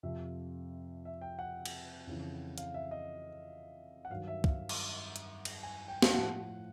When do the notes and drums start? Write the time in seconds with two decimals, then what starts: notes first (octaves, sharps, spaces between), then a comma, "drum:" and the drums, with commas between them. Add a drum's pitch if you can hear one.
0.03 F2 C3 F3 E5
1.05 E5
1.21 G5
1.39 F#5
1.66 drum: cymbal
2.07 F2 C#3 E3
2.58 F5, drum: hi-hat
2.74 E5
2.91 D#5
4.05 F#5
4.10 G2 D#3 F#3 F5
4.28 E5
4.44 F5, drum: kick
4.69 drum: cymbal
5.16 drum: hi-hat
5.45 drum: cymbal
5.63 G#5
5.88 G5
6.02 F5, drum: snare
6.14 A2 F3 F#5